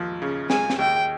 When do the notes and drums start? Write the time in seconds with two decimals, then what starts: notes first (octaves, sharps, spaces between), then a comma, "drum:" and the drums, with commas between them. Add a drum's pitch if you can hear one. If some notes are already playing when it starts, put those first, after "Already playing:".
Already playing: D#2 F3
0.22 C#3
0.50 G#3 G#5, drum: snare
0.70 drum: snare
0.79 D#2 G5